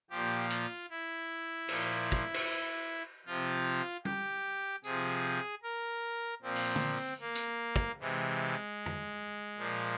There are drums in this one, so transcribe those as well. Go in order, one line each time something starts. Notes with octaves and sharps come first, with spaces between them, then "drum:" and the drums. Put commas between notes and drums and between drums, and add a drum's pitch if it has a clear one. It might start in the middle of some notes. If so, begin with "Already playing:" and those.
A#2 F3 G4
F4, drum: hi-hat
E4
A#2 F3, drum: cymbal
drum: kick
drum: cymbal
C3 F3 F4
G4, drum: tom
C3 F3 G#4, drum: tambourine
A#4
A#2 F3 C4
drum: open hi-hat
drum: tom
A#3
drum: hi-hat
drum: kick
C3 E3 G#3
drum: tom
A#2 F3